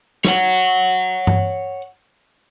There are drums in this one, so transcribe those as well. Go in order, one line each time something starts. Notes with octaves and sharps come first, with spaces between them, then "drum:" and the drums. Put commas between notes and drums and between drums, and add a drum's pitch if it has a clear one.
C#5 F#5, drum: snare
drum: tom G2